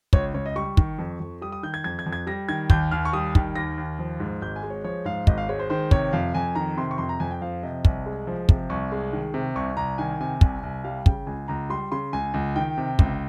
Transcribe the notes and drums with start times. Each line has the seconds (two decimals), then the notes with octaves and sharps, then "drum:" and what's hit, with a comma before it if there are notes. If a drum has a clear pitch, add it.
0.13 C#2 C#5, drum: kick
0.34 C#2 C#5
0.46 D#5
0.56 G3 C#6
0.77 D#3, drum: kick
0.99 F2
1.20 F2
1.42 G3 D#6
1.52 D#6
1.63 D#3 G6
1.74 G#6
1.84 F2 G#6
1.99 G#6
2.06 F2
2.12 G#6
2.27 G3 A#6
2.49 D#3 G#6
2.70 D#2 G6, drum: kick
2.91 D#2 F6
3.05 C#6
3.13 G3 D#6
3.35 D#3, drum: kick
3.55 D#2 A#6
3.78 D#2
3.99 F3
4.20 G#2
4.42 G#1 G6
4.56 G#5
4.63 G#3
4.70 C#5
4.84 F3 C#5
5.05 G#2 F5
5.27 G#1 D#5, drum: kick
5.38 F5
5.49 G#3 C#5
5.59 C5
5.70 D#3 C5
5.91 C3 C#5, drum: kick
6.13 F2 F5
6.34 F2 G#5
6.55 D#3 A#5
6.77 C3 C6
6.91 C#6
6.98 F2 C6
7.09 A#5
7.20 F2 G#5
7.31 G5
7.42 F3 F5
7.63 C3 D#5
7.85 C2, drum: kick
8.06 G#3
8.27 F3
8.49 C3, drum: kick
8.69 C2 C#6
8.92 G#3
9.13 D#3
9.34 C3
9.55 C2 C#6
9.77 C2 A#5
9.98 D#3 G#5
10.20 C3 G#5
10.41 C2, drum: kick
10.63 C2
10.84 G3 F5
11.06 C#3 G5, drum: kick
11.27 C#2 G#5
11.48 C#2 A#5
11.70 G3 C6
11.92 C#3 C6
12.13 C#2 G#5
12.34 C#2
12.56 D#3 G5
12.78 C3
12.99 C#2, drum: kick